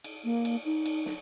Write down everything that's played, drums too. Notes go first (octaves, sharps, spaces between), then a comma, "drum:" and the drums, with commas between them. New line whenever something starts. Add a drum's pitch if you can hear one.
drum: cymbal
A#3
drum: cymbal
D#4
drum: cymbal
drum: snare